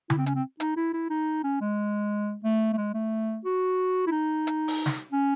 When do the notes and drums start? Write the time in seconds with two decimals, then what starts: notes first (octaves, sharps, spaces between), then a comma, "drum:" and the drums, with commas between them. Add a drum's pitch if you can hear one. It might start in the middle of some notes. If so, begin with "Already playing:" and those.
0.10 E4, drum: tom C#3
0.18 C4
0.26 C#4, drum: hi-hat
0.35 C4
0.60 D#4, drum: hi-hat
0.77 E4
0.93 E4
1.10 D#4
1.44 C#4
1.61 G#3
2.44 A3
2.73 A3
2.78 G#3
2.94 A3
3.45 F#4
4.07 E4
4.11 D#4
4.47 drum: hi-hat
4.68 drum: open hi-hat
4.86 drum: snare
5.12 C#4